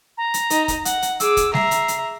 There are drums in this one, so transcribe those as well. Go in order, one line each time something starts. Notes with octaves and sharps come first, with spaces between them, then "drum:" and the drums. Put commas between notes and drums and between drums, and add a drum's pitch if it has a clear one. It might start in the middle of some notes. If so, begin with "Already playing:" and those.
A#5
drum: hi-hat
D#4, drum: hi-hat
drum: kick, hi-hat
F#5, drum: hi-hat
drum: hi-hat
G#4 D6 E6, drum: hi-hat
drum: kick, hi-hat
E5 A#5 C7, drum: snare G3
drum: hi-hat
drum: hi-hat